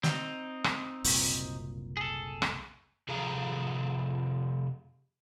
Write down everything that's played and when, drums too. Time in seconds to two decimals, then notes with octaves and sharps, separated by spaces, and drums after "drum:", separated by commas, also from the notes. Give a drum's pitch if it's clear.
0.03 C4 D#4, drum: snare
0.64 drum: rim click
1.04 F#1 C2 A#2, drum: open hi-hat
1.97 G#4 A4
2.42 drum: rim click
3.08 C3 F3 G#4 A4 F5 A#5